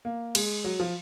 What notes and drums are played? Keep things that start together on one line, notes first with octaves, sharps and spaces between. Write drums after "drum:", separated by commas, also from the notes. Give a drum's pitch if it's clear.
A#3
G#3, drum: cymbal
F#3
F3